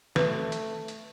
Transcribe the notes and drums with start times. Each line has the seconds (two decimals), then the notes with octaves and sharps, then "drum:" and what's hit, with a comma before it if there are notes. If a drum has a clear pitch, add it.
0.16 A3 B4, drum: snare
0.52 drum: hi-hat
0.88 drum: hi-hat